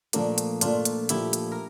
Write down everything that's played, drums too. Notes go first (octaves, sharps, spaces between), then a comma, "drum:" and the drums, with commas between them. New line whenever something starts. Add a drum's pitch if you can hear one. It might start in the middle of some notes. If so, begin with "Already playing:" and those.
A#2 F3 A3 A#3 D4, drum: hi-hat
drum: hi-hat
A#2 F3 A3 D4 F4, drum: hi-hat
drum: hi-hat
A#2 F3 A3 E4 G4, drum: hi-hat
drum: hi-hat
A#4